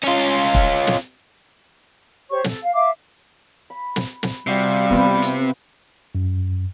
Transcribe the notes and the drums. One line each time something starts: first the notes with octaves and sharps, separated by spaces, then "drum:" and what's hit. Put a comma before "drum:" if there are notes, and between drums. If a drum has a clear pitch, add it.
C#4 F4, drum: hi-hat
drum: kick
drum: snare
G4 C5 C#5 C#6
A4, drum: snare
F5
E5 F5 D6
B5
drum: snare
drum: snare
C3 G3 F4 F#4 F5
B3 C4 E4 F4 B4
drum: hi-hat
F#2